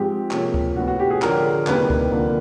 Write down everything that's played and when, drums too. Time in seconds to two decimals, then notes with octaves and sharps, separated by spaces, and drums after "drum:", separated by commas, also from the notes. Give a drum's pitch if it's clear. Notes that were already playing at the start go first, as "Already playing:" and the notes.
Already playing: G#2 F3 G#3 C4 G4
0.31 C3 F3 A#3 C#4, drum: clap
0.54 drum: kick C#2
0.76 A2 F#3 B3 F#4
0.88 F#4
1.00 G4
1.10 G#4
1.22 D3 F3 G#3 C#4 A#4, drum: clap
1.67 E2 C3 D#3 G3 A#3 B4, drum: clap
1.90 drum: kick C#2
2.12 D3 F3 A#3